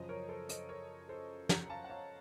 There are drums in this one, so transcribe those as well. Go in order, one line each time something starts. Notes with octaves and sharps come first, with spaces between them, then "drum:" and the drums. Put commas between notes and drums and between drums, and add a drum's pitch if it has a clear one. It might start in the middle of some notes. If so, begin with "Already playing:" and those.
Already playing: F#2 C#3 F3 C5 D#5
A#4 C#5
A4 C5
C5 D#5, drum: hi-hat
A#4 C#5
A4 C5
F#5 A#5, drum: snare
F5 A5
F#5
C#5 F5